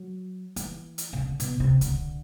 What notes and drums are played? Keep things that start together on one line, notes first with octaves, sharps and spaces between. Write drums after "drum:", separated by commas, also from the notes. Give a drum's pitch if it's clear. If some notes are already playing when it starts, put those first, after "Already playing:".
Already playing: F#3
E3, drum: hi-hat
drum: hi-hat
C3
D3
B2, drum: hi-hat
C3
D3, drum: kick C2, hi-hat